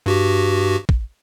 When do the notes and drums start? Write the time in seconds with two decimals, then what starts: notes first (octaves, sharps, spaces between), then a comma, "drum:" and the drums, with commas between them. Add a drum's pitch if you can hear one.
0.06 G2 F#4 G4
0.89 drum: kick